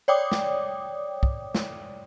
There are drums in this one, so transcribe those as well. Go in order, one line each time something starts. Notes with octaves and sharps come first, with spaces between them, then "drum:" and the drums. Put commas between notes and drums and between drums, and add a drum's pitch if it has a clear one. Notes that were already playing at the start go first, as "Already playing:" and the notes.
C#5 D5 G5 D6 D#6
drum: snare
drum: kick
drum: snare